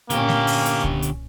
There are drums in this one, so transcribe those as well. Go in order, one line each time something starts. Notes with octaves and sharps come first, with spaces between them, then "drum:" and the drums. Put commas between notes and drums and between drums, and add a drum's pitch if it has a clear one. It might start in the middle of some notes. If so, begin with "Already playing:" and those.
A#2 D3 A#3 C#4 G4, drum: hi-hat
drum: snare A3
drum: open hi-hat
drum: hi-hat
drum: kick C2
drum: hi-hat